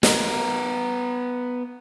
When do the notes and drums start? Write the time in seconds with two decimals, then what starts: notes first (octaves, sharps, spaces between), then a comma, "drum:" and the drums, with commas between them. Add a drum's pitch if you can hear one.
0.03 B3 A#4, drum: snare